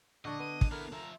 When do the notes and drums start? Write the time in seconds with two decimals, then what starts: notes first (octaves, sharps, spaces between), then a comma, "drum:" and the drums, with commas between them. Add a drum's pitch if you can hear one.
0.25 A#1 D3 D5 D#5 C#6 A#6
0.40 B3 D#7
0.61 drum: kick
0.72 B3 E4 A4 A#4 F6
0.92 F3 E5 A#5